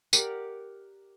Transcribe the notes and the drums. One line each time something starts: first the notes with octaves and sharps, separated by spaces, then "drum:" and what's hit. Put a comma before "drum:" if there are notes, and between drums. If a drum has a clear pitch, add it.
G4 A#4 D5 F#5, drum: tambourine